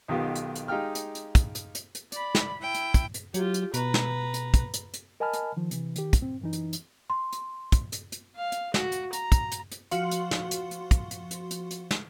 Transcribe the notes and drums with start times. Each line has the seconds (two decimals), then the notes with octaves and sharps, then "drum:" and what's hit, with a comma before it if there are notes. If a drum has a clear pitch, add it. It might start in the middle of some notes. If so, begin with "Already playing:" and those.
0.08 B1 D#3 B3 F4 G4
0.35 drum: hi-hat
0.55 drum: hi-hat
0.68 G#3 D#4 G4 F5 G5 F6
0.95 drum: hi-hat
1.15 drum: hi-hat
1.35 drum: kick, hi-hat
1.55 drum: hi-hat
1.75 drum: hi-hat
1.95 drum: hi-hat
2.12 D5 B5, drum: hi-hat
2.35 drum: snare
2.61 E4 G5
2.74 drum: hi-hat
2.94 drum: kick, hi-hat
3.14 drum: hi-hat
3.34 F#3 F4 G4, drum: hi-hat
3.54 drum: hi-hat
3.74 B2 B4 A#5, drum: hi-hat
3.94 drum: snare
4.34 drum: hi-hat
4.54 drum: kick, hi-hat
4.74 drum: hi-hat
4.94 drum: hi-hat
5.20 A#4 D#5 G#5 A5 B5 F6
5.33 drum: hi-hat
5.57 D#3 F3
5.71 C3 E3, drum: hi-hat
5.96 D#3 G4, drum: hi-hat
6.13 drum: kick, hi-hat
6.22 C4
6.41 F#2 E3 D#4
6.53 drum: hi-hat
6.73 drum: hi-hat
7.10 C6
7.33 drum: hi-hat
7.72 drum: kick, hi-hat
7.92 drum: hi-hat
8.12 drum: hi-hat
8.36 F5
8.52 drum: hi-hat
8.74 F#4, drum: snare
8.92 drum: hi-hat
9.13 A#5, drum: hi-hat
9.32 drum: kick, hi-hat
9.52 drum: hi-hat
9.72 drum: hi-hat
9.91 F3 F#4 F5 C6, drum: hi-hat
10.11 drum: hi-hat
10.31 drum: snare
10.51 drum: hi-hat
10.71 drum: hi-hat
10.91 drum: kick, hi-hat
11.11 drum: hi-hat
11.31 drum: hi-hat
11.51 drum: hi-hat
11.71 drum: hi-hat
11.91 drum: snare